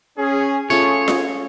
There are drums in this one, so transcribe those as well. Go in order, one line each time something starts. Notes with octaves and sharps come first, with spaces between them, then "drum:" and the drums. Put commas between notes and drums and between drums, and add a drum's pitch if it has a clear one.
C#4 G#4
A3 C#4 F4 G#4 C#5
drum: snare F4